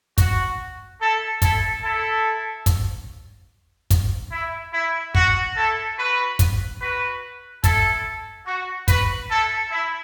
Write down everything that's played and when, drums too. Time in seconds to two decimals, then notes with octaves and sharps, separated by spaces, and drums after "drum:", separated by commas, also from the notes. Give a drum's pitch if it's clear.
0.18 F#4, drum: kick, hi-hat
1.00 E4 A4
1.42 E4 A4, drum: kick, hi-hat
1.83 E4 A4
2.66 drum: kick, hi-hat
3.90 drum: kick, hi-hat
4.32 E4
4.74 E4
5.15 F#4, drum: kick
5.56 E4 A4
5.98 F#4 B4
6.39 drum: kick, hi-hat
6.80 F#4 B4
7.64 E4 A4, drum: kick, hi-hat
8.46 F#4
8.88 F#4 B4, drum: kick, hi-hat
9.29 E4 A4
9.71 E4